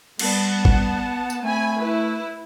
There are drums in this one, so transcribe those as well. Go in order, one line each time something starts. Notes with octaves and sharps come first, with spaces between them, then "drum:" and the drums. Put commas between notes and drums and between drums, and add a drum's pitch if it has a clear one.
G3 B3 F#5 A5, drum: cymbal
drum: kick
drum: tambourine
A3 C4 G#5 B5
E4 B4